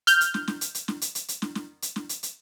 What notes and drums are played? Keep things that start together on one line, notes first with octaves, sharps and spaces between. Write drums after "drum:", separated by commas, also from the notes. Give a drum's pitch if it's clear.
F6 G6, drum: hi-hat
drum: hi-hat
drum: snare
drum: snare
drum: hi-hat
drum: hi-hat
drum: snare
drum: hi-hat
drum: hi-hat
drum: hi-hat
drum: snare
drum: snare
drum: hi-hat
drum: snare
drum: hi-hat
drum: hi-hat